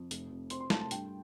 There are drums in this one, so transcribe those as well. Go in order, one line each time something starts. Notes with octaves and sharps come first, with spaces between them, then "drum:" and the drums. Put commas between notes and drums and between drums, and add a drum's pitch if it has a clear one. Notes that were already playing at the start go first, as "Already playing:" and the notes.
Already playing: F2
F1, drum: hi-hat
F2
C4 C6, drum: hi-hat
C6
A3 A5, drum: snare
A5
G2 G5, drum: hi-hat